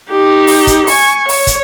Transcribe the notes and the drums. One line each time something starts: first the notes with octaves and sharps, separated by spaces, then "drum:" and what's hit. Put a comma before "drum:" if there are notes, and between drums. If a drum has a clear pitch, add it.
D#4 G4
drum: open hi-hat
drum: kick, hi-hat
G#5 C#6, drum: open hi-hat
C#5, drum: open hi-hat
drum: kick, hi-hat